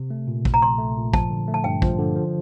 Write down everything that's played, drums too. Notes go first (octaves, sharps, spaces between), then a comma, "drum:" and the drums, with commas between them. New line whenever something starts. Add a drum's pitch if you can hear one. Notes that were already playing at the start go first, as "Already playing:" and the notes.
Already playing: C3
A3
A#2
A#1, drum: kick
A#5
A#1 C6
A3
A#2
F3 A5, drum: kick
D3
A3
A5
G2 G5
F3, drum: kick
D3
F3